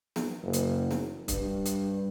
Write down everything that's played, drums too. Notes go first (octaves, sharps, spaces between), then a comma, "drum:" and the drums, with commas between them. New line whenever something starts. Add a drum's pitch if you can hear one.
drum: snare
F#1
drum: hi-hat
drum: snare
G2, drum: kick C#1, hi-hat
drum: hi-hat